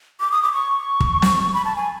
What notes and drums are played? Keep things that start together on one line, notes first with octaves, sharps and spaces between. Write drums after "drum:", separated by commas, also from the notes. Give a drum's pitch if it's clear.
D6
D#6
D6
C#6
drum: kick
drum: snare
B5
A5
G#5